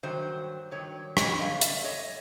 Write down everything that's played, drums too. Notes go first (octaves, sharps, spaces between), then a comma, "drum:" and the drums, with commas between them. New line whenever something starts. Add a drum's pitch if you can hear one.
G2 D#3 F#3 C5
G2 D#3 F#3 C#5
C#5 D#5, drum: rim click
F2 D3 G3 A#3 D#5 F5
D5 E5, drum: hi-hat
C#5 D#5